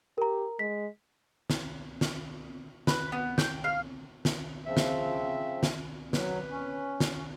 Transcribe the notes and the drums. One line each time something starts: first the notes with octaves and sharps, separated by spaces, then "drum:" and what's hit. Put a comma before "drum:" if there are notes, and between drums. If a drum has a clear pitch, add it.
G4 A#4 A#5
G#3 B6
drum: snare
drum: snare
B4, drum: snare
B3
G5, drum: snare
F5
drum: snare
C#3 F3 C4 E5
drum: snare
drum: snare
F#3 B4, drum: snare
C#4
drum: snare